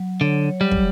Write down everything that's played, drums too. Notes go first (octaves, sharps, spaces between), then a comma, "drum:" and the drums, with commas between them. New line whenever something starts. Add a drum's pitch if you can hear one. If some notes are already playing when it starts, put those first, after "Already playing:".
Already playing: F#3
D3 C#5
F#3 G3
drum: kick